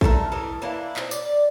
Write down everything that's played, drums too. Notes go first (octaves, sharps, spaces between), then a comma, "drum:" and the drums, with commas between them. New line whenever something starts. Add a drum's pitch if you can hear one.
D3 A3 A4 A#4, drum: kick
E3 A4 A#4 D#5
E3 A#3 D4 E4
C4 D#4, drum: clap
D5, drum: tambourine